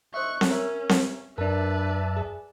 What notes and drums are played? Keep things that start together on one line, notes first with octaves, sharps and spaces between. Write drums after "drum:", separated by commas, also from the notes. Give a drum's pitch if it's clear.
C5 D#5 E5 C#6 F#6
drum: snare C4
C#4 A#4 C#5 E5
drum: snare C4
F#2 D4 A#4 B4 D5 E5 A5
G#4